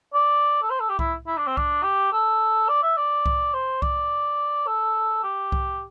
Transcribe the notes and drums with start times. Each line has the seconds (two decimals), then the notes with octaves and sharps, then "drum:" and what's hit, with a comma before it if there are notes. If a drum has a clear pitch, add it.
0.14 D5
0.63 A4
0.70 C5
0.80 A4
0.89 G4
0.99 E4, drum: kick C2
1.27 E4
1.37 D4
1.47 C4
1.57 D4, drum: kick C2
1.84 G4
2.13 A4
2.69 D5
2.83 E5
2.97 D5
3.26 drum: kick C2
3.54 C5
3.82 D5, drum: kick C2
4.67 A4
5.24 G4
5.52 drum: kick C2